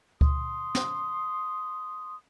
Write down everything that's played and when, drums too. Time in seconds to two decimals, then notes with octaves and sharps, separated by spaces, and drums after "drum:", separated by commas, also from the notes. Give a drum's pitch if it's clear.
0.21 C6 D#6, drum: kick D2
0.75 drum: snare